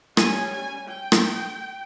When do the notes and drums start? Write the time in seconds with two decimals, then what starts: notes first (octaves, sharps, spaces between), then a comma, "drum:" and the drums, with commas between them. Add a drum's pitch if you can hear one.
0.17 G3 C#4 G#5, drum: rim click
0.53 G#5
0.88 G5
1.12 drum: rim click